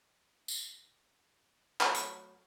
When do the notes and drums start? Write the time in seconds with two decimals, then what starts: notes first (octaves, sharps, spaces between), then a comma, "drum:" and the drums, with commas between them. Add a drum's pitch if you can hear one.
0.48 drum: tambourine
1.80 F#3 A3 B4, drum: clap
1.94 drum: hi-hat